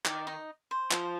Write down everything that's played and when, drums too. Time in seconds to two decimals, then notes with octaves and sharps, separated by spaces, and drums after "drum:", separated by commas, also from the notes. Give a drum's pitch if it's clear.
0.06 D#3 D5, drum: clap
0.27 D#4 D#5
0.71 C5
0.91 F3 C5, drum: clap